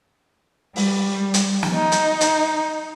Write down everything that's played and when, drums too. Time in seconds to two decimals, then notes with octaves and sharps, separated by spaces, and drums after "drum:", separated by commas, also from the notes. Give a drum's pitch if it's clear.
0.76 G3, drum: open hi-hat
1.34 drum: hi-hat
1.63 drum: snare
1.72 D#4
1.92 drum: hi-hat
2.21 drum: hi-hat